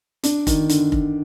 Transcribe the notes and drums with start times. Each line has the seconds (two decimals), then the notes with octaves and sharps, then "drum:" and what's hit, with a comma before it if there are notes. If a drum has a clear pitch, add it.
0.23 D4, drum: hi-hat
0.47 D#3, drum: kick F1, hi-hat
0.69 D3, drum: hi-hat
0.92 drum: kick F1